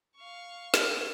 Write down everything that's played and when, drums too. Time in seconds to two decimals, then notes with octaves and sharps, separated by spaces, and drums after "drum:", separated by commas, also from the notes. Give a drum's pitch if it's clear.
0.17 F5 C#6
0.74 drum: snare